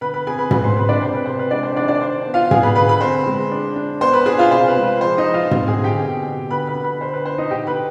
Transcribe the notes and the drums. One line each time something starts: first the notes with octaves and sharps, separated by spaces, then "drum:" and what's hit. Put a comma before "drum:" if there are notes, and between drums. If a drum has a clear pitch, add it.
D3 B4 B5
B4 B5
C4 G#4 G#5
B4 B5
G#3 B4 B5, drum: tom
C5 C6
C4 B4 B5
D4 D5
C3 C5
B4
C3 C5
B4
G#3 D4 D5
C5
D#3 D4 D5
D4 D5
D4 C5
B3
F4 F5
B3 G#4 G#5, drum: tom
B4 B5
D3 B4 B5
B4 B5
C4 C5 C6
G#3
D4
D4
B3 C5 C6
B4 B5
D4 G#4 G#5
F4 F5
C3 C5
B4
G#3
B4
F3 C5
D#4 D#5
F3
F4 F5
C4, drum: tom
G#4 G#5
D3
G4 G5
B2
B2
D3 B4 B5
B4 B5
D3
B4 B5
D4 C5
B4
D4 C5
D#4 D#5
D3 G4 G5
B4 B5